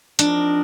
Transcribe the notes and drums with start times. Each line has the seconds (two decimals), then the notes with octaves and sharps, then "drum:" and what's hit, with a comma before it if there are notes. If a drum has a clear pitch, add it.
0.19 F3 C4 D4 D#4 A#4 D#5, drum: hi-hat